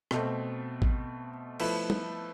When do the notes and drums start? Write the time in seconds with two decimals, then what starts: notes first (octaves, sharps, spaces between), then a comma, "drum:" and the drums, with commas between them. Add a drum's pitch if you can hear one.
0.11 B2 A3 C4, drum: rim click
0.82 drum: kick
1.60 F3 A3 E4 B4, drum: cymbal
1.90 drum: tom